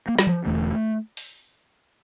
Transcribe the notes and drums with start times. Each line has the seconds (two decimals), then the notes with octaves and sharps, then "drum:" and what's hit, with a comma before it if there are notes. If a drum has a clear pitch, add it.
0.08 A#3
0.19 G3, drum: snare
0.27 F3
0.45 E1 E2 D3 A3
1.17 drum: open hi-hat